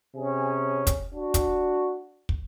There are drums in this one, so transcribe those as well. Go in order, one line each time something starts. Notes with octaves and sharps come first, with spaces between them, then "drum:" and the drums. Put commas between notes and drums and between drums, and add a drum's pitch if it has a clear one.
C3 C#4 G#4
drum: kick, hi-hat
D4 F#4
drum: kick, hi-hat
drum: kick